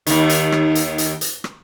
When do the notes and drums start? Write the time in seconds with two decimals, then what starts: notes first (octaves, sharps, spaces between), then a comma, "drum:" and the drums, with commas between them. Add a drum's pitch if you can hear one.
0.06 D#2 D#3, drum: hi-hat
0.29 drum: hi-hat
0.52 drum: rim click
0.75 drum: hi-hat
0.98 drum: hi-hat
1.21 drum: hi-hat
1.44 drum: rim click